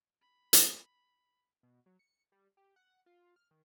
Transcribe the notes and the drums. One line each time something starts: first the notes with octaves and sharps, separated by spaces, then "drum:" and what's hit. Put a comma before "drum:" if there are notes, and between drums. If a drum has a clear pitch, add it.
B5
drum: hi-hat
B2
F#3
C#7
G3
G4
F#5
F4
F6
D#3